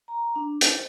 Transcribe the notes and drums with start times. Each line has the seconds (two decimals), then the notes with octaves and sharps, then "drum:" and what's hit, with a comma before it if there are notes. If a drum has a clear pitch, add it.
0.08 A#5
0.36 D4
0.61 C5, drum: hi-hat